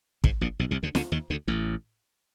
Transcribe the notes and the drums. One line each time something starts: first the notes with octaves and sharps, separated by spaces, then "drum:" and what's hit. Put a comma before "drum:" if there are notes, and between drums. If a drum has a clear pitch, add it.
G#1 G#2, drum: kick
A#1 A#2
B1 B2
C2 C3
D2 D3
D2 D3, drum: snare
D#2 D#3
D2 D3
A1 A2